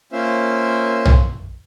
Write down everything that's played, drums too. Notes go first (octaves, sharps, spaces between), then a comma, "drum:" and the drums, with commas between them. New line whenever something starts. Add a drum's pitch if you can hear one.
A#3 C#4 F4 C5 E5
drum: tom B1